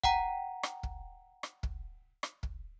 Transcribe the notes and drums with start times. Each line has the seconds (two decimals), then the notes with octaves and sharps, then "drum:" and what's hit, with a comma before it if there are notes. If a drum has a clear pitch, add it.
0.04 F#5 G5 A#5, drum: kick
0.63 drum: rim click
0.83 drum: kick
1.43 drum: rim click
1.63 drum: kick
2.23 drum: rim click
2.43 drum: kick